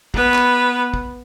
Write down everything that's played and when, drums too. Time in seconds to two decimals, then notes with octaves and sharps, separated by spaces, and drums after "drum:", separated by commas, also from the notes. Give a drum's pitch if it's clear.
0.14 B3 B4, drum: kick
0.34 drum: clap
0.94 drum: kick